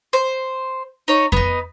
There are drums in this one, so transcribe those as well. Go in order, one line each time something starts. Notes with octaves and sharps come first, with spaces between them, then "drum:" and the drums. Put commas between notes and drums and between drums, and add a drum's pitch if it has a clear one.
C5
D#4 C#5
B3 D#4, drum: kick F2